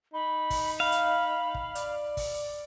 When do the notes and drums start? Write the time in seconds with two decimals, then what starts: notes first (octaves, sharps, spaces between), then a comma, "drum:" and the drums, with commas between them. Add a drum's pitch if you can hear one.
0.14 D#4 B5
0.50 drum: kick, open hi-hat
0.80 F5 B5
0.92 drum: hi-hat
1.54 drum: kick
1.75 D5, drum: hi-hat
2.17 drum: kick, open hi-hat